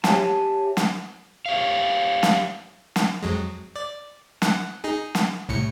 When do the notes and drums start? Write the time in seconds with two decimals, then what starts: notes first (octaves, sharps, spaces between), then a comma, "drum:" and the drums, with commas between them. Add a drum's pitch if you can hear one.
0.04 G4 C#5 D#5 E5 G#5 A5, drum: snare
0.77 drum: snare
1.46 G4 C#5 E5 F5
2.23 drum: snare
2.96 drum: snare
3.23 F2 F#3 G#3
3.76 D5
4.42 F#5, drum: snare
4.84 D#4 G#4
5.15 drum: snare
5.49 C2 A2 C#7